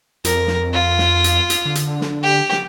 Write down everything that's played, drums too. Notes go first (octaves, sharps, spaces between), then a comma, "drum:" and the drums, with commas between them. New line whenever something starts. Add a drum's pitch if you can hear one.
F2 A#4, drum: hi-hat
drum: snare
F4
drum: snare
drum: hi-hat
drum: hi-hat
D3
drum: hi-hat
drum: snare
G4
drum: snare